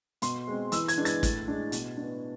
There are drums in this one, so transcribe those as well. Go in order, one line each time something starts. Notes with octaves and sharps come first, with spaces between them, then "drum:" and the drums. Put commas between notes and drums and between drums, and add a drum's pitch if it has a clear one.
B2 C6, drum: hi-hat
G#3 C4
E3 E6, drum: hi-hat
G#6, drum: hi-hat
G#3 B3 D4
A6, drum: hi-hat
A2, drum: kick, hi-hat
G#3 D4
B2, drum: hi-hat
D4
B3